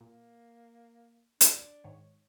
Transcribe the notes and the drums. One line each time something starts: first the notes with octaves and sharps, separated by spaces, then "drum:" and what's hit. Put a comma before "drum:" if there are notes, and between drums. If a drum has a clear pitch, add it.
A#2 A#3
D4, drum: hi-hat
G#2 D#3 C#5